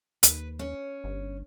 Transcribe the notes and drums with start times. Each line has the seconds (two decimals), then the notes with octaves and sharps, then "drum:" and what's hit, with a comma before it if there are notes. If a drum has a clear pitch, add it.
0.23 D#2 B4, drum: hi-hat
0.59 C#4
1.04 G1